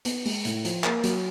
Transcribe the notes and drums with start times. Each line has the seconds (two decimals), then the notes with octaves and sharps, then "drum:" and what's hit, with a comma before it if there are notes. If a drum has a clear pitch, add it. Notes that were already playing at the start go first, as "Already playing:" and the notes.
0.05 B3, drum: hi-hat
0.25 G#3, drum: open hi-hat
0.45 A2, drum: hi-hat
0.65 F3, drum: hi-hat
0.84 A#3, drum: clap
1.04 F#3, drum: hi-hat